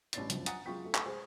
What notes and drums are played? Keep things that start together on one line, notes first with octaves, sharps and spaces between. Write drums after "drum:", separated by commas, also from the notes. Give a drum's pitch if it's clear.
A1 G2 D4 C#5 A6 C7, drum: hi-hat
G1 C#2 F#2 F3, drum: hi-hat
F#5 G#5 A#5 D#6 A6 C#7, drum: hi-hat
F#2 G#3 F4 G5 C#6 B6
A3
drum: clap
G#3 G#4 C5